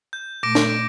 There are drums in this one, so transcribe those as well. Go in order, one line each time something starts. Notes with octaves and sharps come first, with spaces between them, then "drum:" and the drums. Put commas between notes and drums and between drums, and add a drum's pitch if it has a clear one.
G6
A#2 A3 D6 A#6 D7
drum: snare
D7